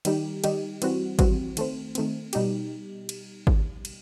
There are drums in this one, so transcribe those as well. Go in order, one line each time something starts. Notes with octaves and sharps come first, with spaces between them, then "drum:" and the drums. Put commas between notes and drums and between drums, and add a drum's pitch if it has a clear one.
D#3 G3 D#4 G4, drum: cymbal
D#3 G3 D#4 G4, drum: cymbal
E3 G3 C4 F#4, drum: cymbal
E3 G3 C4 F#4, drum: kick G#1, cymbal
D#3 A3 C4, drum: cymbal
D#3 A3 C4, drum: cymbal
B2 G3 D#4 G4, drum: cymbal
drum: cymbal
drum: kick G#1
drum: cymbal